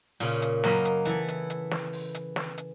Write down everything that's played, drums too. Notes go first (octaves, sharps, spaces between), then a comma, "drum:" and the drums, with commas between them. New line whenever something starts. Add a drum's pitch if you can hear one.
A#2 C#3, drum: open hi-hat
drum: hi-hat
F#2 A#3 D#5 B5, drum: snare
drum: hi-hat
E3 E4 A4, drum: hi-hat
drum: hi-hat
drum: hi-hat
drum: snare
drum: open hi-hat
drum: hi-hat
drum: snare
drum: hi-hat